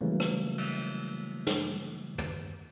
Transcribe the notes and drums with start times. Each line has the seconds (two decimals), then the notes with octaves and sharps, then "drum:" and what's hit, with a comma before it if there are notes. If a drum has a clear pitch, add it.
0.01 C#3 E3 F#3 G3 A3 A#3
0.20 drum: rim click
0.58 drum: cymbal
1.47 drum: snare
2.18 drum: tom